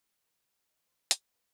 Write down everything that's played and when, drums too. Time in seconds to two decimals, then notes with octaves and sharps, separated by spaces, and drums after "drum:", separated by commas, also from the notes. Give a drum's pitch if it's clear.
0.25 D#3 G#4 A#4
0.53 G4
0.70 F4 D#5
0.87 C5
1.11 A#4, drum: hi-hat
1.34 A#4 C5 F5